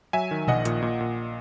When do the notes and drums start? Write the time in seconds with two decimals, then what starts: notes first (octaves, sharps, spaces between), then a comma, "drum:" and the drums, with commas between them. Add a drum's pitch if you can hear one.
0.13 F#3 E5 G#5
0.31 D#3
0.48 A#1 D#5 F#5, drum: tom A#2
0.65 A#2, drum: hi-hat
0.82 A#2
1.01 A#2